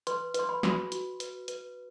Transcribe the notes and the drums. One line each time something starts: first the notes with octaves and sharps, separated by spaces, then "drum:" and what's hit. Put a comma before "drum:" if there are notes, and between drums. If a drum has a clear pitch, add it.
B4 C6, drum: hi-hat
B4 C6, drum: hi-hat
B5
F#4, drum: snare
F#4, drum: hi-hat
B4, drum: hi-hat
B4, drum: hi-hat